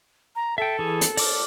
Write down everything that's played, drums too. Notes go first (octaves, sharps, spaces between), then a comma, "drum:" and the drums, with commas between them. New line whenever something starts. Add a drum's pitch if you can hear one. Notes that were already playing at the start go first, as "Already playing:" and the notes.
A#5
A4 E5 G5
E3 G#4
drum: hi-hat
D5 D6 F6, drum: open hi-hat